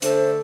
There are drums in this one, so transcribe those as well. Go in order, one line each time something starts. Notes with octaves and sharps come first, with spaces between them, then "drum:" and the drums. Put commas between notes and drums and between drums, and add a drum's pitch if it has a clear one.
D3 A3 D4 A4 C5, drum: hi-hat